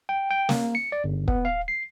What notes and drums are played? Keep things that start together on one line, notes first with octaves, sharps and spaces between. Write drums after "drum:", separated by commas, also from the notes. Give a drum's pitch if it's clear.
G5
G5
A#3, drum: snare
C#7
D5
G1
B3, drum: kick
F5
C7